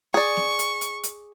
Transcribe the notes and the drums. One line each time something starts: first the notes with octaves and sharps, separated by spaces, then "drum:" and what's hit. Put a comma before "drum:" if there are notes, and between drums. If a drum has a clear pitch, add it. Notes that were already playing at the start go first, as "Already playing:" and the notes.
G#4 D5 C#6
drum: snare
drum: hi-hat
drum: hi-hat
drum: hi-hat